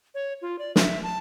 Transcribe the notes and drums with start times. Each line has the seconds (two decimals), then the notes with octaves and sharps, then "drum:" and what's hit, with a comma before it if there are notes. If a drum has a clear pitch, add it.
0.15 C#5
0.42 F4
0.59 D5
0.76 E5, drum: snare
1.03 A5